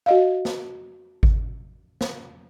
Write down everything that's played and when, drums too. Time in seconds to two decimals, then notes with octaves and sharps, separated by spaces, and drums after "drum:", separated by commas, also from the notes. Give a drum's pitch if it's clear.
0.06 F#4 D#5 F5
0.45 drum: snare
1.23 drum: kick G#1
2.01 drum: snare